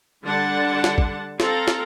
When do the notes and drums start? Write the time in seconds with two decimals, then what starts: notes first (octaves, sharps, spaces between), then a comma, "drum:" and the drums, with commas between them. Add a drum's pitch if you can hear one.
0.23 D3 G3 D4 F#5 A5
0.84 drum: snare
0.98 drum: kick A1
1.40 C4 A4 F5 A#5, drum: snare
1.68 drum: snare